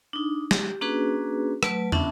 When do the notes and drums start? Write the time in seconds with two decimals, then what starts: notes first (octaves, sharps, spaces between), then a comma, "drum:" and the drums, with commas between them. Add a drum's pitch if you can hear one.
0.13 D4 D#4
0.51 G4, drum: snare
0.81 A#3 C#4 D4 F#4 G#4 B4
1.63 F#3 A3 B4, drum: rim click
1.92 B3 C#4 D4 E5 A5, drum: tom